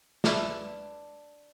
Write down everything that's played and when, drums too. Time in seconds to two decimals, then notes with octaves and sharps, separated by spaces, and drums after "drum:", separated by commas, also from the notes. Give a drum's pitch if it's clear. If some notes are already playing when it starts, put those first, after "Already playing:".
0.24 D4 A4 B4 E5, drum: snare